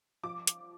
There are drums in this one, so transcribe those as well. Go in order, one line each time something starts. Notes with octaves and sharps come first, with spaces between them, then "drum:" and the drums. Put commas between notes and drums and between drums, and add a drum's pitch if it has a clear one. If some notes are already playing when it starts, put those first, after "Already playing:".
F3 D6
drum: hi-hat